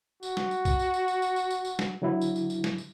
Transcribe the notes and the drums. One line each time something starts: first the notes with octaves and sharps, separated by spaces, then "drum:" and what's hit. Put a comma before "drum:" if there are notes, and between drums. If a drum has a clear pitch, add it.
F#4, drum: tambourine
drum: snare
drum: tambourine
drum: kick C2, tambourine
drum: tambourine
drum: tambourine
drum: tambourine
drum: tambourine
drum: tambourine
drum: tambourine
drum: tambourine
drum: snare
D3 F#3 E4
drum: tambourine
drum: tambourine
drum: tambourine
drum: snare
drum: tambourine